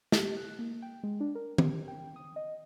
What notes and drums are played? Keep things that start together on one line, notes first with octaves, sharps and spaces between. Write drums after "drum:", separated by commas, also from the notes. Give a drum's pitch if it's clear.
G4, drum: snare
F#6
A#3
G5
G#3
D4
A#4
G4, drum: tom D#3
G5
D#6
D#5